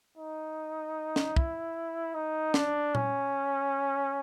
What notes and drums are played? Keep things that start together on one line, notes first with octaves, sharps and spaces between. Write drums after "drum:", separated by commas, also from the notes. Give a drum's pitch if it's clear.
D#4
drum: snare
E4, drum: kick
D#4
D4, drum: snare
C#4, drum: tom A#2